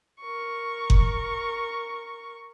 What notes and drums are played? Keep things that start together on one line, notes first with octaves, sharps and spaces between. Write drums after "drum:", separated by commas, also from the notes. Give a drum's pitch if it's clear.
A#4 C#6
drum: kick F#1